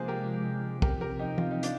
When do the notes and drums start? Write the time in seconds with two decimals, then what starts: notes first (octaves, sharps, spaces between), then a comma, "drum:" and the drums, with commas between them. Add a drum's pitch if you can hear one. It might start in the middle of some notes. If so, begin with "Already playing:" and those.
Already playing: C3 F3 G#3 A#3 D4 G#4 C5
0.08 G4 A#4
0.82 C3 F3 C4 G4 A#4, drum: kick
1.01 G4 A#4
1.19 D#4 G4
1.38 F4, drum: tom
1.51 D#4
1.63 D4 F4, drum: hi-hat